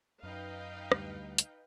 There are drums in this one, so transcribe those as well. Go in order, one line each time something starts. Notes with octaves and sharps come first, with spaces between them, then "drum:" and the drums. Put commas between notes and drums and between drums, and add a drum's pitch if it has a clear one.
F#2 D#4 B4 D#5 F5 G5
D2 G3, drum: rim click
drum: hi-hat